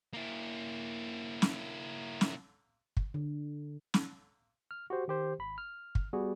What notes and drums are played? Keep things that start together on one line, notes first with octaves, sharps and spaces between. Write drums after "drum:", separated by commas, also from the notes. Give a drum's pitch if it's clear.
A#3 E4
drum: snare
drum: snare
drum: kick
D3
drum: snare
F6
F#4 G4 C5
D#3 G4 C5
G#1 B5
F6
drum: kick
G3 B3 F#4 G#4